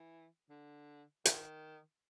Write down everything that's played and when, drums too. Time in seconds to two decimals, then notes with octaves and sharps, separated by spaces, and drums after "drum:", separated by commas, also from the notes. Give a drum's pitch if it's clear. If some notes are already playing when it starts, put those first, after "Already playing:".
Already playing: E3
0.50 D3
1.25 D#3, drum: hi-hat